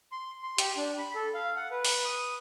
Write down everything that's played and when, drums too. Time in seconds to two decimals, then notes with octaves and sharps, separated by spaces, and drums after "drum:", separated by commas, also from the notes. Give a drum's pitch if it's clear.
0.12 C6
0.43 C6
0.58 G4, drum: hi-hat
0.77 D4
0.98 B5
1.15 A4
1.34 F5
1.56 F#5
1.71 B4
1.85 drum: open hi-hat
2.05 D#6